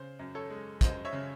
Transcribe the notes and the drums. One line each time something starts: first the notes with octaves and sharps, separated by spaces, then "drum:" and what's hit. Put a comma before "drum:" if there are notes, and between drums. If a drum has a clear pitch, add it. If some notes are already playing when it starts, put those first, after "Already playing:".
Already playing: C#3 C5
F#2
A4 C#5
G#3
F#2 C5 D#5, drum: kick, hi-hat
C#5 E5
C#3